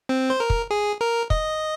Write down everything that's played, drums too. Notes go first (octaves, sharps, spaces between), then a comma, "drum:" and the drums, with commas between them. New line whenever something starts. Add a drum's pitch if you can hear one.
C4
C5
A#4
drum: kick
G#4
A#4
D#5, drum: kick